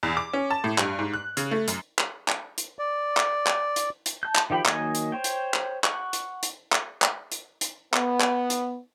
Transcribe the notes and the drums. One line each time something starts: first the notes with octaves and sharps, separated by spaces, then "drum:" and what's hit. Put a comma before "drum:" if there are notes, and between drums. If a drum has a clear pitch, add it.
E2
D6
C#4
A5
A2
G2, drum: clap
G#2
F#6
C#3, drum: hi-hat
A3
F#2, drum: hi-hat
drum: clap
drum: clap
drum: hi-hat
D5
drum: clap
drum: clap
drum: hi-hat
drum: hi-hat
A5 G6
drum: clap
D#3 F3 G4 G5 B5
D#3 F#3 A#3 D#5 G#5, drum: clap
drum: hi-hat
C5 C#5 G5
drum: hi-hat
drum: clap
F#5 C#6 D6, drum: clap
drum: hi-hat
drum: hi-hat
drum: clap
drum: clap
drum: hi-hat
drum: hi-hat
B3, drum: clap
drum: clap
drum: hi-hat